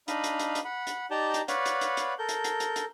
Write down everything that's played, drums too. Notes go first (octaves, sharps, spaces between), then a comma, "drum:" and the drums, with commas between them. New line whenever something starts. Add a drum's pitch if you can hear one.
D4 D#4 D#5 F5 B5, drum: hi-hat
drum: hi-hat
drum: hi-hat
drum: hi-hat
F#5 B5
drum: hi-hat
D#4 G4 D5 A5 A#5 G6
drum: hi-hat
B4 C#5 D5 F5 F#5 B5, drum: hi-hat
drum: hi-hat
drum: hi-hat
drum: hi-hat
A4 A#4 G6
drum: hi-hat
drum: hi-hat
drum: hi-hat
drum: hi-hat